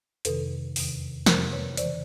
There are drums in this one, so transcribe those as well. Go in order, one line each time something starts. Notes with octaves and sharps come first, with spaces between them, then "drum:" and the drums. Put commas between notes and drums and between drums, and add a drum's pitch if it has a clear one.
F2 C3 D#3 A4 B4, drum: hi-hat
E2 C3 D#3, drum: open hi-hat
F2 C3 D#3 A#4 C5, drum: snare
B4 C#5
C#3 E3 C5 D5, drum: hi-hat